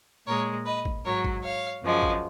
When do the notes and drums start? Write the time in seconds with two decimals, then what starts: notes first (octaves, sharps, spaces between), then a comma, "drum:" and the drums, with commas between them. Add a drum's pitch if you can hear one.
0.27 A#2 G#3 A#4 C#5
0.66 B4 D#5
0.85 drum: kick
1.05 G#2 F#3 A#4 C#5
1.24 drum: kick
1.44 C#5 F5
1.83 F#2 C#3 F3 G#3
2.03 drum: kick